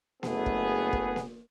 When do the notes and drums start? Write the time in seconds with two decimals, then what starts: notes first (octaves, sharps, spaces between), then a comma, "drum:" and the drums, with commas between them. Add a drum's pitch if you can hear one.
0.23 F#1 A3 B3 G#4, drum: snare A#3
0.46 drum: kick
0.93 drum: kick
1.16 drum: snare A#3